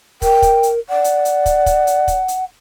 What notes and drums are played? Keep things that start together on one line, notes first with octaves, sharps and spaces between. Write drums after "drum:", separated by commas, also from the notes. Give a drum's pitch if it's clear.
A#4 G5, drum: kick, hi-hat
drum: kick, hi-hat
drum: hi-hat
D5 F#5
drum: hi-hat
drum: hi-hat
drum: kick, hi-hat
drum: kick, hi-hat
drum: hi-hat
drum: kick, hi-hat
drum: hi-hat